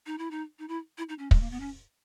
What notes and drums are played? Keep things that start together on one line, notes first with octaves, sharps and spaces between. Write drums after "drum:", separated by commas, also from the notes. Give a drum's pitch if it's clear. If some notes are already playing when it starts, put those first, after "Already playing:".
D#4
E4
D#4
D#4
E4
E4
D#4
C#4
G#3, drum: kick
A#3
B3
C#4